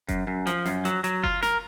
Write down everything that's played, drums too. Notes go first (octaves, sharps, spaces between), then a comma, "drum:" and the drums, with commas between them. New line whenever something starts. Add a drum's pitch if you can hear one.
F#2, drum: kick F#1, hi-hat
F#2
F3, drum: hi-hat
F#2, drum: snare
F#3, drum: hi-hat
F#3, drum: hi-hat
F4, drum: kick F#1
A#4, drum: snare